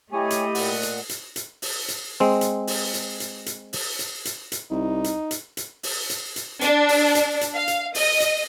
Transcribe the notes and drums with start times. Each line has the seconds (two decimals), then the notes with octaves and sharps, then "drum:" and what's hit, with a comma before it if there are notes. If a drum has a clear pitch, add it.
0.12 A3 E4 G4 C#5 D#5 G#5
0.30 drum: hi-hat
0.55 A#2 F#5, drum: open hi-hat
0.83 drum: hi-hat
1.09 drum: hi-hat
1.36 drum: hi-hat
1.62 drum: open hi-hat
1.88 drum: hi-hat
2.20 G#3 C4
2.41 drum: hi-hat
2.67 drum: open hi-hat
2.94 drum: hi-hat
3.20 drum: hi-hat
3.46 drum: hi-hat
3.73 drum: open hi-hat
3.99 drum: hi-hat
4.25 drum: hi-hat
4.52 drum: hi-hat
4.71 C2 D#4
5.04 drum: hi-hat
5.31 drum: hi-hat
5.57 drum: hi-hat
5.83 drum: open hi-hat
6.10 drum: hi-hat
6.36 drum: hi-hat
6.61 D4, drum: hi-hat
6.89 drum: open hi-hat
7.15 drum: hi-hat
7.41 drum: hi-hat
7.54 F5
7.68 drum: hi-hat
7.95 D#5, drum: open hi-hat
8.20 drum: hi-hat